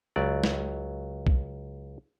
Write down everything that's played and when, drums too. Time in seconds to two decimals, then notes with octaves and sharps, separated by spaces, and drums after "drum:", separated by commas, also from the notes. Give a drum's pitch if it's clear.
0.16 C#2 F#3 D5
0.44 drum: snare
1.27 drum: kick B1